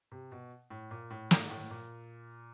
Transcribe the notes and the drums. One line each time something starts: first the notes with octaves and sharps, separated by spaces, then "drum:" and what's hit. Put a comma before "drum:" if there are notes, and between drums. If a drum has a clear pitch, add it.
C3
B2
A2
A#2
A2
G#2, drum: snare
A2
A#2